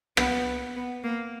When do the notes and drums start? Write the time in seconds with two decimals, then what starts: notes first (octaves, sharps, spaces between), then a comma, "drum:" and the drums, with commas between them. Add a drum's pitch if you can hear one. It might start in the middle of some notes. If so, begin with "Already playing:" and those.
0.17 B3, drum: rim click
0.76 B3
1.04 A#3